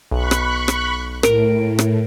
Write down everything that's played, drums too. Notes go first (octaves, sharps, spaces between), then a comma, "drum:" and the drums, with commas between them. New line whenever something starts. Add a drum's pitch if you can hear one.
B1 B5 C#6 F#6
drum: rim click
drum: rim click
A2 A#4 D7, drum: rim click
drum: rim click